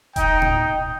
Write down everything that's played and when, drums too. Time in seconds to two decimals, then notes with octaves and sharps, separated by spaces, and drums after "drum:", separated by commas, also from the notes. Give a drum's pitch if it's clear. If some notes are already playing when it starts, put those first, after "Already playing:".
0.16 D#4 G5, drum: kick E1, hi-hat
0.42 drum: tom A2